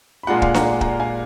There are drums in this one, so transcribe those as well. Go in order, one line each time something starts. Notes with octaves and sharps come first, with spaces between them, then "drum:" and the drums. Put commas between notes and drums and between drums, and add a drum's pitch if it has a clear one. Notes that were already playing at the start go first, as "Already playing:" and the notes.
B5
A#2 G#3 D4 F4 F#5 A#5
F5 G#5, drum: kick
F#5 A#5, drum: snare D4
F#5 A#5, drum: kick
F5 G#5